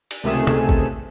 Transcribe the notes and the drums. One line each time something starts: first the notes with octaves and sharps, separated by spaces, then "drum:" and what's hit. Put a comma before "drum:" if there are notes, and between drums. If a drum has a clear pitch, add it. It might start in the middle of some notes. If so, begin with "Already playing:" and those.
drum: cymbal
C#2 C3 D#3 A3 G#4 E7
drum: tom
drum: kick G#1